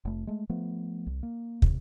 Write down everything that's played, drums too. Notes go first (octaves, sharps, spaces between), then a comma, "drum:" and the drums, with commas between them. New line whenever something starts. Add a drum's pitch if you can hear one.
F1 A3
G#3 A3
F3 A3 B3
C2
A#3
D#2 C3, drum: kick